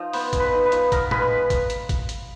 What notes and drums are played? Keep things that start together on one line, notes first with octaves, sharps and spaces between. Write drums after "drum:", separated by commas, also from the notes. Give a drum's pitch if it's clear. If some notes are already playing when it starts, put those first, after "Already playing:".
Already playing: F3 D#4
B3 C5, drum: open hi-hat
G#3, drum: kick A1, hi-hat
B4
D#4
B4
F3, drum: hi-hat
B3 A#4, drum: kick A1, hi-hat
G#3 B4, drum: tom A2
drum: kick A1, hi-hat
drum: hi-hat
drum: kick A1, hi-hat
drum: hi-hat